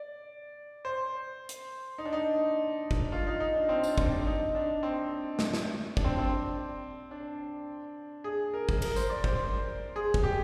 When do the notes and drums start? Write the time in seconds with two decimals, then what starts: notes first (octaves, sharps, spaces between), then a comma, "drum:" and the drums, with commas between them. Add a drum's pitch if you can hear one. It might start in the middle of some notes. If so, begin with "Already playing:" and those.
Already playing: D5
0.85 C5
1.49 drum: hi-hat
1.98 D#4
2.05 D4
2.13 D#4
2.91 drum: kick
3.12 F4
3.27 D#4
3.40 D#4
3.55 D4
3.69 C4
3.83 D4, drum: tambourine
3.98 C4, drum: kick
4.12 D4
4.27 D#4
4.55 D4
4.83 C4
5.39 drum: snare
5.54 drum: snare
5.97 D4, drum: kick
6.04 C4
6.18 C4
7.11 D4
8.24 G#4
8.54 A#4
8.69 drum: kick
8.82 A#4, drum: cymbal
8.96 C5, drum: tambourine
9.10 D5
9.24 C5, drum: kick
9.96 G#4
10.14 drum: kick
10.23 G4